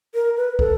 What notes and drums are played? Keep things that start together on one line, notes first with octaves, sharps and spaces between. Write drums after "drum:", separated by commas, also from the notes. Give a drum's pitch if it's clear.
A#4
B4
A4, drum: kick